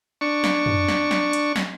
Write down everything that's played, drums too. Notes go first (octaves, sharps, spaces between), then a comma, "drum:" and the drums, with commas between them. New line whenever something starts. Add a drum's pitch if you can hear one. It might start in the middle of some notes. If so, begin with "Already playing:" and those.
D4 C#6
drum: snare
drum: tom
drum: snare
drum: snare
drum: hi-hat
drum: snare